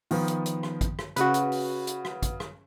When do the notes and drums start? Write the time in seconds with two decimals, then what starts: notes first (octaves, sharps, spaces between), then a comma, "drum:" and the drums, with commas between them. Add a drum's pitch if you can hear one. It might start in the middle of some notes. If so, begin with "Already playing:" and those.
0.11 D#3 F3 B3, drum: open hi-hat
0.28 drum: hi-hat
0.46 drum: hi-hat
0.63 drum: rim click
0.81 drum: kick, hi-hat
0.99 drum: rim click
1.16 C#3 F#4 B4, drum: hi-hat
1.34 drum: hi-hat
1.52 drum: open hi-hat
1.87 drum: hi-hat
2.05 drum: rim click
2.22 drum: kick, hi-hat
2.40 drum: rim click